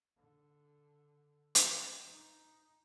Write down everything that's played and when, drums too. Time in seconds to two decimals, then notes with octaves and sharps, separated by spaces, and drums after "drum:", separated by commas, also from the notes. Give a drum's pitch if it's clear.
0.17 D3
1.55 drum: hi-hat
2.07 D#4